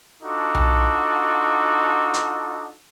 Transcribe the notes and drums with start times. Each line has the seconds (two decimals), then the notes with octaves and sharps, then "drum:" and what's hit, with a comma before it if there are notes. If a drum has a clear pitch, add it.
0.23 D4 D#4 F4 F#4 A4
0.55 drum: tom B1
2.14 drum: hi-hat